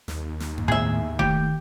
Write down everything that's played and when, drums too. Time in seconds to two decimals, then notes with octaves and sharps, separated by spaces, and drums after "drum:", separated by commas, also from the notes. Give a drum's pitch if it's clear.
0.08 D#2, drum: snare
0.40 drum: snare
0.58 drum: tom F2
0.68 A2 B3 G#4 E5
1.19 D#3 A3 A#3 G4, drum: kick E1